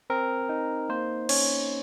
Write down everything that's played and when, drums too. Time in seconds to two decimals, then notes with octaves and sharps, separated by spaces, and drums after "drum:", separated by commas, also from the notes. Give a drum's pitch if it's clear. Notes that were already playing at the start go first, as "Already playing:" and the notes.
0.10 C4 A#4
0.49 D#4
0.89 A#3 C5
1.29 C#4 C#5, drum: cymbal